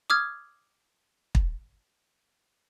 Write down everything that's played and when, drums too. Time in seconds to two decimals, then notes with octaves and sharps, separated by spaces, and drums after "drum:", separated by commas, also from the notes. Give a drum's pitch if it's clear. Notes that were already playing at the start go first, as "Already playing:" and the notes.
0.10 D6 D#6 F6 G#6
1.35 drum: kick